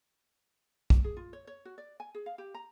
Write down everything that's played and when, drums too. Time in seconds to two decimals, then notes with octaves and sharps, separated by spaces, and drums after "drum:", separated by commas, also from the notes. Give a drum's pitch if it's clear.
0.90 drum: kick
1.04 G#4
1.17 F4
1.33 C#5
1.47 C#5
1.65 F#4
1.78 D5
2.00 G#5
2.15 G#4
2.26 F5
2.38 G4
2.54 A#5